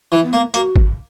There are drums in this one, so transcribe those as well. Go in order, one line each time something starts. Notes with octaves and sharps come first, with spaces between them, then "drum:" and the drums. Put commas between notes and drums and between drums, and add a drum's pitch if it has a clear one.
E3
B3
A#3
A#3 F#4, drum: hi-hat
drum: kick G#1